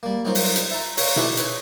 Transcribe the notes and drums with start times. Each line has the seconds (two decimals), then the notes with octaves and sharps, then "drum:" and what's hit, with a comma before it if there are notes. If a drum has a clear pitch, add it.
0.03 G3 A#3
0.25 F#3 C4 D#4 F4 A#4 C5
0.35 drum: open hi-hat
0.56 drum: hi-hat
0.71 E5 A5 A#5
0.97 C#5 F5 A#5, drum: open hi-hat
1.16 D#4 E4 F#4 G4 A4 B4, drum: tom B2
1.37 C#4 G#4 B4 G#5, drum: hi-hat